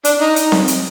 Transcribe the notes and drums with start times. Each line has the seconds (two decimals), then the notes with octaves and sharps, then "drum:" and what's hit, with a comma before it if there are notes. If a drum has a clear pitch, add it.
0.05 D4, drum: hi-hat
0.20 D#4
0.36 drum: hi-hat
0.52 drum: snare C4
0.68 drum: hi-hat